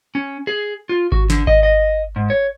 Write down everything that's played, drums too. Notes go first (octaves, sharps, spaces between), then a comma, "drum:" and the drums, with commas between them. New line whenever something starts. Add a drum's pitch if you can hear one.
C#4
G#4
F4
F#4, drum: kick G#1
D3, drum: snare
D#5, drum: kick G#1
D#5
G#2
C#5